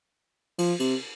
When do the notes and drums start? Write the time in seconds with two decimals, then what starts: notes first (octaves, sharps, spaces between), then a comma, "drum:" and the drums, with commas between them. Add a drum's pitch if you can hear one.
0.58 F3, drum: cymbal
0.80 C3, drum: cymbal